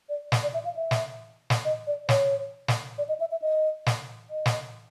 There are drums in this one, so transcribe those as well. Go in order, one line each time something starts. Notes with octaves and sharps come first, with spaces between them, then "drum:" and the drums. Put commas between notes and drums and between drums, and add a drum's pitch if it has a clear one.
D5
drum: snare
D5
E5
F5
E5
drum: snare
drum: snare
D#5
D5
C#5, drum: snare
drum: snare
D5
D#5
E5
E5
D#5
drum: snare
D#5
drum: snare